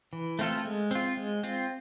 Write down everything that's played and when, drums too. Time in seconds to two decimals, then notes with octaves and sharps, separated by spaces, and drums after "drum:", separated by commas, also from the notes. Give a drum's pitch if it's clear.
0.13 E3
0.39 A3 C4 F4 A4, drum: hi-hat
0.65 G#3
0.91 C4 F4, drum: hi-hat
1.17 G#3
1.43 C4 F4, drum: hi-hat